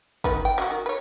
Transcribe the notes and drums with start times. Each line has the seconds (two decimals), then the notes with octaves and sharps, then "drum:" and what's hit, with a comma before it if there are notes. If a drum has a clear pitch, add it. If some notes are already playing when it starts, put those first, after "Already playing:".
0.24 D#3 B4, drum: kick
0.45 G5
0.58 F#3 F4 F#4
0.70 D#3
0.86 B4 C#5